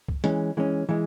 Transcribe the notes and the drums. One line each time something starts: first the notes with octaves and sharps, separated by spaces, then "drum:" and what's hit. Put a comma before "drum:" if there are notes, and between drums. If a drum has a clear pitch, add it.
drum: kick C2
E3 G#3 C#4, drum: hi-hat
E3 G#3 C#4
E3 G#3